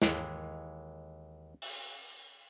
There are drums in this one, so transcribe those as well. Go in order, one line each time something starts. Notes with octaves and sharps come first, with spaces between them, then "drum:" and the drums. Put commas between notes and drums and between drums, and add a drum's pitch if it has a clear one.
D#2 E3 G#3, drum: snare
drum: open hi-hat